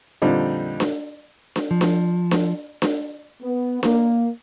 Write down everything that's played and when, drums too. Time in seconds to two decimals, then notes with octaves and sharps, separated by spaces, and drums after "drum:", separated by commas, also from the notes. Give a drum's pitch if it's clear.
0.22 F2 A#2 D3 G3 C4 D#4
0.80 drum: snare D4
1.56 drum: snare D4
1.71 F3
1.81 drum: snare D4
2.31 drum: snare D4
2.82 drum: snare D4
3.42 B3
3.83 A#3, drum: snare D4